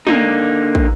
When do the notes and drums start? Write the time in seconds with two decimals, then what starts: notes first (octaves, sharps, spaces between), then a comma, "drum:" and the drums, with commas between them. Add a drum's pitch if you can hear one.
0.07 D3 A#3 D#4, drum: tom
0.75 drum: kick